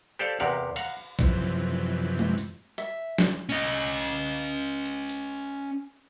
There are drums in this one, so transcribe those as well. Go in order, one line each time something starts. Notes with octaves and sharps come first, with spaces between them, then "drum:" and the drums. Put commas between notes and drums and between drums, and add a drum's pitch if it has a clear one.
G4 A4 C5 D5 F5
E2 C3 G4 A#4 F5 F#5
F5 F#5 A#5, drum: cymbal
F#2 C3 E3 F3, drum: kick A#1
drum: tom G#3
drum: hi-hat
E5
drum: snare
C#4 D#5
drum: hi-hat
drum: hi-hat